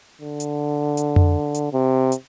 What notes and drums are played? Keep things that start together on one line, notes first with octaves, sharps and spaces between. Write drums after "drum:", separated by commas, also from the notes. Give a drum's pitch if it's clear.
D3
drum: hi-hat
drum: hi-hat
drum: tom F2
drum: hi-hat
C3
drum: hi-hat